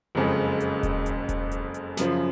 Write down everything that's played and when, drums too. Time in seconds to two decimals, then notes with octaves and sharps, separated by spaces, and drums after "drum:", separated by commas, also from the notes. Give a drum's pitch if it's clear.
0.15 F#1 F2 C#3 G#3
0.60 drum: hi-hat
0.83 drum: kick D#1, hi-hat
1.06 drum: hi-hat
1.29 drum: kick D#1, hi-hat
1.51 drum: hi-hat
1.74 drum: hi-hat
1.97 F#2 C#3 F3, drum: snare